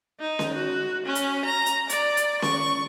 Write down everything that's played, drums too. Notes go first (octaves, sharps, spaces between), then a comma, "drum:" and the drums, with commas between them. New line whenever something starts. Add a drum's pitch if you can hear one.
D#4
drum: snare C#4
F#4
C#4
drum: hi-hat
A#5
drum: hi-hat
D5, drum: hi-hat
drum: hi-hat
C#6, drum: snare C#4